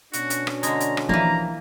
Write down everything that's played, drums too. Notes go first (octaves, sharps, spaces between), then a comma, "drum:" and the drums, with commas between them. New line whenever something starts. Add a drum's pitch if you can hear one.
B2 C#4 D4 F#4, drum: hi-hat
drum: hi-hat
drum: rim click
D3 G#3 A#5, drum: hi-hat
drum: hi-hat
drum: rim click
E3 F3 A#3 F4 A#5